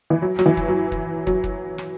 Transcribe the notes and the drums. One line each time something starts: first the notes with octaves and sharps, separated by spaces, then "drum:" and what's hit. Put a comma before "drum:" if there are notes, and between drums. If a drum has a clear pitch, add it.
E3
F#3
F#3, drum: rim click
E3
drum: kick
F#3
drum: kick
F#3, drum: kick
drum: kick
drum: rim click